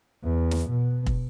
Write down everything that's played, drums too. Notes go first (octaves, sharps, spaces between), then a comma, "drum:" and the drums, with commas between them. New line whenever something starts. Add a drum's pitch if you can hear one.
E2
drum: snare
B2
drum: kick